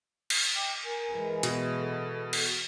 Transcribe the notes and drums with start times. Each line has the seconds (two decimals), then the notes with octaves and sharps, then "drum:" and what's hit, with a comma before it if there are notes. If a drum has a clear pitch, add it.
0.30 drum: cymbal
0.53 D#5 G5 D6
0.84 A#4 G#5
1.12 E3 G#3
1.43 B2, drum: hi-hat
1.78 A4
2.33 drum: cymbal